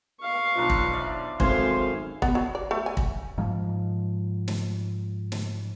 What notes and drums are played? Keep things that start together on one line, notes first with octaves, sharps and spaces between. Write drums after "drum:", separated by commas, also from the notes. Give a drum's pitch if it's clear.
F5 C#6
B1 D4 F4 C5
drum: kick
D5 E5
G#1 F#2 A4 C5 C#5 F5 G#5, drum: kick
B3, drum: kick
F#3
D5
A3
G#5
drum: kick
G#2 F3
drum: snare
drum: snare